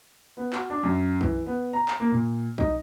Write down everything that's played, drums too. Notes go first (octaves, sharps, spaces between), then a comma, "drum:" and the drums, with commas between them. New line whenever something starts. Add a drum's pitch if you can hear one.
B3
F#4, drum: clap
D4
F#2
E3, drum: kick
B3
A#5
drum: clap
A#3
A#2
D#4, drum: kick